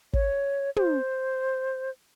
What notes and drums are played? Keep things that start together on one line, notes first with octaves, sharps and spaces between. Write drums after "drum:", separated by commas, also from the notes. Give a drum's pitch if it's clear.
C#5, drum: kick
C5, drum: tom